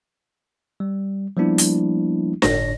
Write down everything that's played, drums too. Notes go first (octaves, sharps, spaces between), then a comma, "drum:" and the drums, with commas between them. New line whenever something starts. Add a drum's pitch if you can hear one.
G3
F3 G3 A#3 B3 D4 E4
drum: hi-hat
G1 A2 D4 C#5 A#6, drum: snare D4